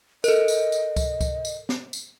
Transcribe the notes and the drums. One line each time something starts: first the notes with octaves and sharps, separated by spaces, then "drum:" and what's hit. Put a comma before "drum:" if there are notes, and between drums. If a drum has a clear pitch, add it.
A4 A#4 D#5, drum: tambourine
drum: tambourine
drum: tambourine
drum: kick C#2, tambourine
drum: kick C#2, tambourine
drum: tambourine
drum: snare
drum: tambourine